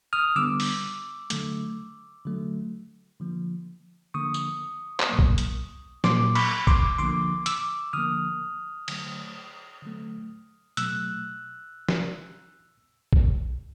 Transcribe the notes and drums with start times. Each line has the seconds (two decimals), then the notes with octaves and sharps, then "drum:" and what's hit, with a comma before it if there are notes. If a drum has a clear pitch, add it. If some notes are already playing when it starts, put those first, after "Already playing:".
0.13 D#6 F6
0.36 D3 G3 B3 D6 E6
0.60 drum: open hi-hat
1.30 D3 F#3 A3, drum: hi-hat
2.25 D3 F#3 A3
3.20 D3 F3 A#3
4.14 D3 F3 A#3 C#6 D#6
4.34 drum: tambourine
5.00 drum: clap
5.09 A#2 F#3 A#3
5.19 drum: kick A#1
5.38 drum: hi-hat
6.04 A#2 F#3 A#3 C6 D6, drum: snare
6.35 B5 C#6, drum: cymbal
6.67 C6 D6, drum: kick A#1
6.98 D3 F3 A#3 C6 D6
7.46 D6 E6, drum: hi-hat
7.93 D3 F3 A#3 D#6 F6
8.88 D3 F#3 A3, drum: cymbal
9.82 D3 F#3 A3
10.77 B2 F#3 A3 E6 F#6, drum: hi-hat
11.89 drum: snare
13.13 drum: kick A#1